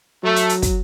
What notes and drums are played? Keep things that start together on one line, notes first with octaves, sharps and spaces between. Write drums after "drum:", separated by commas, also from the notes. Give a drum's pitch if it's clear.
F#3 A3
drum: hi-hat
drum: hi-hat
drum: kick, hi-hat